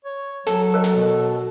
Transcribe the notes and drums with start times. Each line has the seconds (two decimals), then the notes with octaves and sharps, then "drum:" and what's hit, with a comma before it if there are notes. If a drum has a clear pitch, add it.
0.05 C#5
0.47 F#3 A4, drum: hi-hat
0.74 A#4 C#5 D#5
0.84 drum: hi-hat
0.96 B2